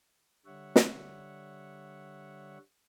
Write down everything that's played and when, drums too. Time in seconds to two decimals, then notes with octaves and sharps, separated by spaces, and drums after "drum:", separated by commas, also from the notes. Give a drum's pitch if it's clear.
0.46 D3 G3 C#5 E5 F#5
0.76 drum: snare